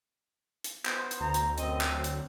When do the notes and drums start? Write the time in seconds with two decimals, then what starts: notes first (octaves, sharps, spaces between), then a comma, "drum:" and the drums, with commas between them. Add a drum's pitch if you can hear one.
0.64 drum: hi-hat
0.85 B3 C5, drum: clap
1.11 drum: hi-hat
1.20 D2 A#5
1.34 drum: hi-hat
1.58 F#2 C4 D#5, drum: hi-hat
1.81 drum: clap
1.91 F#3
2.04 drum: hi-hat